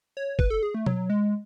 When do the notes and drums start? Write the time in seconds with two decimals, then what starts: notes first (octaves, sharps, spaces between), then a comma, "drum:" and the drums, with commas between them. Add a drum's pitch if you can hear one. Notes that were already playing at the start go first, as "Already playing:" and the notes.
0.17 C#5
0.39 B4, drum: kick
0.50 A4
0.63 G#4
0.74 A3
0.86 F#3, drum: tom B2
1.10 G#3